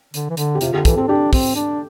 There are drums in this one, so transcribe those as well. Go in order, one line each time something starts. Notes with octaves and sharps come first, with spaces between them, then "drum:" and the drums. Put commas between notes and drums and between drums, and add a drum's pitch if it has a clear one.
D3, drum: hi-hat
E3
D3, drum: hi-hat
G4
C3 F4, drum: hi-hat
D3 G4
E3 A4, drum: kick, hi-hat
C4 A4
D4 G4
C4, drum: kick, open hi-hat
D4, drum: hi-hat